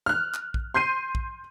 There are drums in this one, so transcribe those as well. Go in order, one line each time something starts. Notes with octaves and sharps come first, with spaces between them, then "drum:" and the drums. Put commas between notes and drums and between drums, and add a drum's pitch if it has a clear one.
F6 F#6
drum: clap
drum: kick A#1
C6 G6 C7 D#7
drum: kick A#1